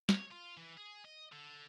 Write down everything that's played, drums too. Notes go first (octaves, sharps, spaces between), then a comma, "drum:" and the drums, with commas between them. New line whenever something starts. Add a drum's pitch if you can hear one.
C#5, drum: snare
F4
E3
G#4
D#5
D3